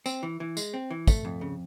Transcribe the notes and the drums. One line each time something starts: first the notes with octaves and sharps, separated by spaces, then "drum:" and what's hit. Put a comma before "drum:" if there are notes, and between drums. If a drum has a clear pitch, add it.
C4, drum: tambourine
E3
E3
G#3, drum: tambourine
C4
E3
A3, drum: kick, tambourine
F2
C#3